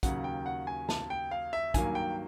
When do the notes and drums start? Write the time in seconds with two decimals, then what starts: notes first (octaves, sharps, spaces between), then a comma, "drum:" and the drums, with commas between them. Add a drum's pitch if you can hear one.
0.03 D#2 C#3 F#3 F#5, drum: kick, hi-hat
0.24 G5
0.46 F#5
0.67 G#5
0.89 A5, drum: snare
1.10 G5
1.31 F5
1.53 E5
1.74 G2 D#3 F#3 A#3 G#5, drum: kick, hi-hat
1.95 G5